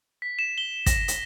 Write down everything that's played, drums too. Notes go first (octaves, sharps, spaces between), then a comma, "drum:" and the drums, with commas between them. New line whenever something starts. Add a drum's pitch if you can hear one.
B6
E7
G7
A#6, drum: kick, hi-hat
drum: hi-hat